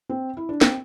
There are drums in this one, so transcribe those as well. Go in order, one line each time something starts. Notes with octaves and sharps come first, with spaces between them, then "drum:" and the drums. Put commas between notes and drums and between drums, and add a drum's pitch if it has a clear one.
C4
E4
D4
C4, drum: snare